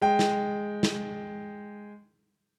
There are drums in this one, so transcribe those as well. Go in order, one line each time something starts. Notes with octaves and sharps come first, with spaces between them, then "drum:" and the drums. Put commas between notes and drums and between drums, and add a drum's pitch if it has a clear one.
G#3 G5
drum: snare
drum: snare